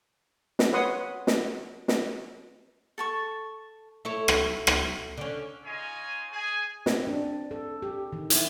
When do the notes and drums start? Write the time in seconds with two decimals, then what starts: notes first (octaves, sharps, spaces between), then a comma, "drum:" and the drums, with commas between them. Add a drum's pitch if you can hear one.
0.59 drum: snare
0.72 B4 C#5 F#5 C6 D#6
1.27 drum: snare
1.88 drum: snare
2.98 A4 A5 C#6
4.05 E4 A4 C#5
4.28 drum: rim click
4.67 drum: rim click
5.17 D3 C#4
5.64 D#4 F4 G#4 C#5 D#5 G#5
6.31 G#4 G#5
6.86 C4, drum: snare
7.07 D4
7.51 A4
7.82 G4
8.13 D#3
8.30 E4, drum: hi-hat